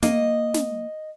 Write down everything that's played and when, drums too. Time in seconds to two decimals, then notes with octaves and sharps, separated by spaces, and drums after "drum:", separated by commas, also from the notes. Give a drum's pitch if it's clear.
0.03 A#3 D#5, drum: snare
0.54 drum: snare